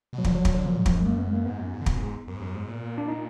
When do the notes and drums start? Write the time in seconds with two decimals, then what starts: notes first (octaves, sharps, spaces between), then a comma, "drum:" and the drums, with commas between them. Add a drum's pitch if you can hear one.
0.13 B2
0.18 F#3
0.24 D3 F3, drum: kick
0.34 F#3
0.45 drum: kick
0.55 F#3
0.65 A#2 F3
0.76 G#2 F#3
0.86 F2 F3, drum: kick
0.92 F#2
0.96 F#3
1.02 G#3
1.05 F#2 A#3
1.19 B3
1.27 G#3
1.33 A#3
1.46 G#2 B3
1.60 F#2
1.74 G#2
1.81 D3
1.86 B2, drum: kick
1.95 F#2
2.01 G#2
2.28 F#2
2.36 G#2
2.41 F#2
2.55 G#2
2.68 A#2
2.98 D4
3.08 D#4